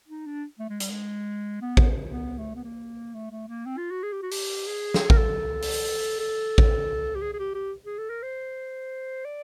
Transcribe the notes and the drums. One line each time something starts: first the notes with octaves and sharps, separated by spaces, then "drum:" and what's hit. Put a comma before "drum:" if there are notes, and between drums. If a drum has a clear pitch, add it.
D#4
D4
A3
G#3
G3, drum: hi-hat
G#3
B3
drum: kick A1
B3
A3
B3
A#3
A3
A3
A#3
C4
F4
F#4
G#4
G4
F#4
G4, drum: open hi-hat
G#4
drum: snare
A#4, drum: kick A1
A4
drum: open hi-hat
A4
drum: kick A1
G4
G#4
G#4
G4
G4
G#4
A4
A#4
C5
D5